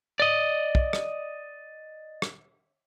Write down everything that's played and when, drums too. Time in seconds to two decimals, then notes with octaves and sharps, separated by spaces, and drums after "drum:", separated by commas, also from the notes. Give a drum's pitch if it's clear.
0.20 D5 D#5
0.75 drum: kick
0.93 drum: rim click
2.22 drum: rim click